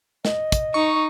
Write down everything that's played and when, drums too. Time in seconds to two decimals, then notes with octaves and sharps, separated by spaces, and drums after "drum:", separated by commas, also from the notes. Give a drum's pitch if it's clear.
0.25 D#5, drum: snare
0.52 drum: kick, hi-hat
0.74 D#4 C#6